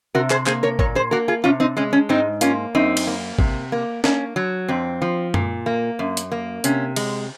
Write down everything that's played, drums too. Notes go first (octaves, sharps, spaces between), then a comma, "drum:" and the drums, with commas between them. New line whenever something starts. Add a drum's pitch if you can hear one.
C3 F#4 A#4
G#4 C5, drum: clap
A#3 G#4 C5, drum: clap
A#4 C#5
A#2 A#4 C#5, drum: kick
G#4 C5
A#3 F#4 A#4
F4 G#4
C3 C#4 F4
C4 D#4
G#3 C#4
C#4
G#2 C4 D#4
A#3 C#4 F4, drum: hi-hat
F#2 C4 D#4
drum: cymbal
A#3
C3, drum: kick
A#3
A#3 C#4, drum: snare
F#3
F2 C4
F3
A#2, drum: tom F#2
A#3
F#2
drum: hi-hat
A#3
C3 C#4, drum: hi-hat
G#3, drum: cymbal